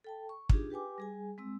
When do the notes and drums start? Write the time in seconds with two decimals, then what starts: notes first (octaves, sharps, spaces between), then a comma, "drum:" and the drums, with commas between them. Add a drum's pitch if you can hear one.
0.04 A4 G5 A5
0.29 C#6
0.49 D4 D#4 F4 G4 G#4, drum: kick
0.70 G4 B4 G5 G#5 D6
0.98 G3 G#4 G#5
1.38 G#3 C4 E6